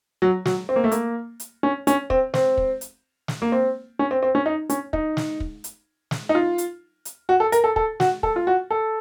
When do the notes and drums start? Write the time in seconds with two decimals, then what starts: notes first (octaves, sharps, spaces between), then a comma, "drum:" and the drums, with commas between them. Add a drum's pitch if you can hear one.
0.22 F#3
0.45 F#3, drum: snare
0.69 C4
0.76 A#3
0.84 A3
0.92 A#3, drum: hi-hat
1.40 drum: hi-hat
1.63 C#4
1.87 C#4, drum: hi-hat
2.10 C4, drum: kick
2.34 C4, drum: snare
2.57 drum: kick
2.81 drum: hi-hat
3.28 drum: snare
3.42 A#3
3.52 C4
3.99 C#4
4.11 C4
4.23 C4
4.35 C#4
4.46 D#4
4.70 C#4, drum: hi-hat
4.93 D#4, drum: kick
5.17 drum: snare
5.40 drum: kick
5.64 drum: hi-hat
6.11 drum: snare
6.29 D#4
6.35 F4
6.58 drum: hi-hat
7.05 drum: hi-hat
7.29 F#4
7.40 A4
7.52 A#4, drum: hi-hat
7.64 A4
7.76 A4, drum: kick
8.00 F#4, drum: snare
8.23 A4, drum: kick
8.36 F4
8.47 F#4
8.71 A4